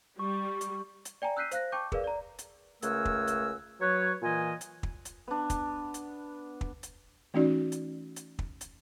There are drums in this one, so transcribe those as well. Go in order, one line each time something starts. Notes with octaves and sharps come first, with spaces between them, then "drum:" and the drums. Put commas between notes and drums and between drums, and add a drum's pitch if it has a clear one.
G3 C#6
drum: hi-hat
drum: hi-hat
D5 G5 G#5 A#5
E6 F#6 G6 B6 C7 D#7
C5 F5 F#6 A#6, drum: hi-hat
G5 A5 C#6 D6 G6
G#4 A#4 B4 D5 F5, drum: kick
D5 A#5
drum: hi-hat
C#2 A3 A#4 F#5 G#5 E6, drum: hi-hat
drum: kick
drum: hi-hat
F#3 B4 C#5
A#2 E3 F4 D#5 G#5
drum: hi-hat
drum: kick
drum: hi-hat
B3 D4
drum: kick, hi-hat
drum: hi-hat
drum: kick
drum: hi-hat
E3 A3 C#4 D#4 F#4 D5
drum: hi-hat
drum: hi-hat
drum: kick
drum: hi-hat